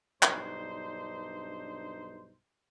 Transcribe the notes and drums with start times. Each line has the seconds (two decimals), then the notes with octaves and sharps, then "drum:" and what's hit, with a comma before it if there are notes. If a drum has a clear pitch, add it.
0.23 B1 G2 D4 D#4 C5, drum: clap